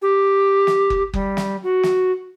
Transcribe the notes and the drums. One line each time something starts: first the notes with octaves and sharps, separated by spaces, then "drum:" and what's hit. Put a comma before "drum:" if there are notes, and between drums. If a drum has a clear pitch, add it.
G4
drum: snare
drum: kick F#1
G3, drum: kick F#1
drum: snare
F#4
drum: snare